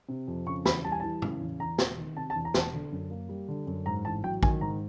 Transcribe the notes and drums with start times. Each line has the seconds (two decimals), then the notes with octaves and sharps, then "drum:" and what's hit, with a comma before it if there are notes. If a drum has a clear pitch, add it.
0.09 C3
0.28 F2
0.47 C#3 C#6
0.65 E2 B5, drum: snare
0.84 G3 A5
0.92 G#5
1.00 E3 A5
1.22 C#3, drum: tom
1.41 E2
1.60 E2 A#5
1.78 E1, drum: snare
1.98 D#3
2.17 C3 A5
2.30 A5
2.35 E2
2.45 A#5
2.54 E1 A5, drum: snare
2.73 D3
2.92 F#2
3.11 A#3
3.29 G3
3.48 D3
3.67 F#2
3.86 G#2 A#5
4.05 A1 A5
4.24 F#3 G5
4.43 D#3 G#5, drum: kick
4.61 G#2 A#5